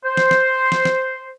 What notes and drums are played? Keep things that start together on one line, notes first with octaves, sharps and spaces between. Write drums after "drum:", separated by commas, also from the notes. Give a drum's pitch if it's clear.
C5
drum: snare
drum: snare
drum: snare
drum: snare